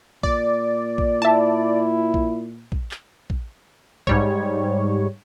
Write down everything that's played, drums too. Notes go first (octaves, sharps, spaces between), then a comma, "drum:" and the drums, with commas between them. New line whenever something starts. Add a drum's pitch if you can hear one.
A#2 D5, drum: kick
drum: kick
E4 E5 A5
drum: kick
drum: kick
drum: clap
drum: kick
G#2 G3 C#5, drum: kick